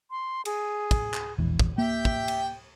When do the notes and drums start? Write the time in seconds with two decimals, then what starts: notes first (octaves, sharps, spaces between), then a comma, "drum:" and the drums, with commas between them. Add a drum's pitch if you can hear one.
0.11 C6
0.45 G#4, drum: cymbal
0.91 drum: kick, cymbal
1.14 drum: clap
1.38 E1 A#1 E2
1.59 drum: kick
1.78 A#3 G4 E5 G5
2.05 drum: kick
2.28 drum: cymbal